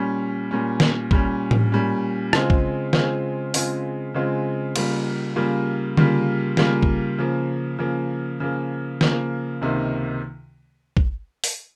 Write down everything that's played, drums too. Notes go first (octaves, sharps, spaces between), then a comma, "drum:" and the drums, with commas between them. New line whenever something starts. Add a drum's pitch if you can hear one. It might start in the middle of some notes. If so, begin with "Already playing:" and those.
Already playing: A#2 G3 C#4
A#2 G3 C#4
drum: snare
A#2 G3 C#4, drum: kick
drum: tom A2
A#2 G3 C#4
C#3 G#3 C4 F4, drum: rim click
drum: kick
C#3 G#3 C4 F4, drum: snare
C#3 G#3 C4 F4, drum: open hi-hat
C#3 G#3 C4 F4
C#3 G3 A#3 F4, drum: cymbal
C#3 G3 A#3 F4
C#3 G3 A#3 F4, drum: tom D3
C#3 G3 A#3 F4, drum: snare
drum: kick
C#3 F3 A#3
C#3 F3 A#3
C#3 F3 A#3
C#3 F3 A#3, drum: snare
C#2 C3 D#3 A#3
drum: kick
drum: open hi-hat